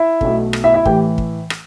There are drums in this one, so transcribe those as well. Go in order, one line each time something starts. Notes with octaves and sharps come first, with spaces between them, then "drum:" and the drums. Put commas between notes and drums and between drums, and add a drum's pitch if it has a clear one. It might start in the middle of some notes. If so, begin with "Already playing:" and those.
Already playing: E4 E5
B1 B2 A3, drum: kick
drum: rim click
E4 E5
E4 E5
A2 E3 G4 G5, drum: kick
drum: kick
drum: rim click